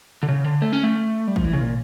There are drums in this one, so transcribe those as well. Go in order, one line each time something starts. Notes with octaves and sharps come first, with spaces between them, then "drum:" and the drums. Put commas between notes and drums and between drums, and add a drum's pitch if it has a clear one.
D3
C#3
D3
A3
C#4
A3
G3
F3, drum: kick
E3
C#3
A#2